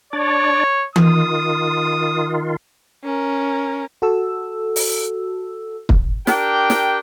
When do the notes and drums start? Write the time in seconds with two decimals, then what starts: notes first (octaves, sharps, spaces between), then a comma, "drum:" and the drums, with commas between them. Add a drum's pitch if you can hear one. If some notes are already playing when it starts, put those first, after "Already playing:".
0.13 D4 C#5 D5
0.96 D#3 F4 D#6, drum: tom E3
3.04 C#4 A#4
4.02 F#4 A4 E6
4.76 drum: open hi-hat
5.89 drum: kick
6.27 D4 G4 A#4 G5, drum: snare
6.70 drum: snare